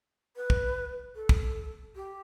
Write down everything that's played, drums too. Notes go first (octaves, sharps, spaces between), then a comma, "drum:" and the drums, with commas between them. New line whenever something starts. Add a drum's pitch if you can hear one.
B4
drum: kick
A4
drum: kick
G4